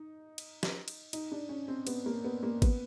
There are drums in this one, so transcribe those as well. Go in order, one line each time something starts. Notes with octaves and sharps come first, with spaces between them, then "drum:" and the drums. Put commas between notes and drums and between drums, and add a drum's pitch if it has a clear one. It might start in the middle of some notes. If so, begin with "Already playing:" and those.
Already playing: D#4
drum: cymbal
drum: snare
drum: cymbal
D#4, drum: cymbal
D4
C#4
C4
B3, drum: cymbal
A#3
B3
A#3
B3, drum: kick G#1, cymbal